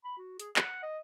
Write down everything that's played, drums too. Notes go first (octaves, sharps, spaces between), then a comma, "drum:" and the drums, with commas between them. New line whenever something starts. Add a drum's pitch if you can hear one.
B5
F#4
G#4, drum: hi-hat
F#5, drum: clap
D#5